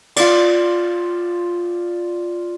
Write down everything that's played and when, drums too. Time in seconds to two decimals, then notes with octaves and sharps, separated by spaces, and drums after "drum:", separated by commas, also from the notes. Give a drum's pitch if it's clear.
0.16 F4 D5, drum: cymbal